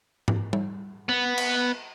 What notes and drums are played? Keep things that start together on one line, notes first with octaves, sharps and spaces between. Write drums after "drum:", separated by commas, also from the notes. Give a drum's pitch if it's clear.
drum: tom G#2
drum: tom G3
B3
drum: cymbal